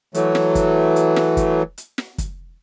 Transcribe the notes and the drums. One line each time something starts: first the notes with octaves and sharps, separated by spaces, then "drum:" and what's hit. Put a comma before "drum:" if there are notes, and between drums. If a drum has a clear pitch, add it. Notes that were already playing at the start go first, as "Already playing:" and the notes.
E3 F#3 A3, drum: hi-hat
drum: snare
drum: kick, hi-hat
drum: hi-hat
drum: snare
drum: kick, hi-hat
drum: hi-hat
drum: snare
drum: kick, hi-hat